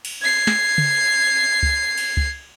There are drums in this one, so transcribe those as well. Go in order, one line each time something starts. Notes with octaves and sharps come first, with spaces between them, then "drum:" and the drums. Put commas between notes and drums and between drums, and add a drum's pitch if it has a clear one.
drum: cymbal
G#6 C7
drum: snare
drum: tom C#3
drum: kick C#2
drum: cymbal
drum: kick C#2